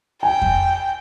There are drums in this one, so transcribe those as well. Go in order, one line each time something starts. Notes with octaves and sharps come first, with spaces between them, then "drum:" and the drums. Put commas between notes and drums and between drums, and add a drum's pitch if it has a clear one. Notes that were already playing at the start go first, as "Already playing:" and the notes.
G5 G#5
drum: kick F2